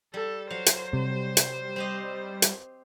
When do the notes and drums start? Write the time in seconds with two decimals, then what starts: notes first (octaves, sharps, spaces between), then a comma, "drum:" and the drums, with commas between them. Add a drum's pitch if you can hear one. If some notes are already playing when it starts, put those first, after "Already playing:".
0.14 G3 A4
0.50 F#3 C5 F5
0.66 drum: hi-hat
0.93 C3 G3
1.37 drum: hi-hat
1.76 C4 G4 D#5
2.42 drum: hi-hat